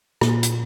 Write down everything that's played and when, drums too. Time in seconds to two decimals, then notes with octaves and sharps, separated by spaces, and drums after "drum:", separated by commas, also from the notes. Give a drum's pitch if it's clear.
0.21 A#2, drum: rim click
0.43 drum: hi-hat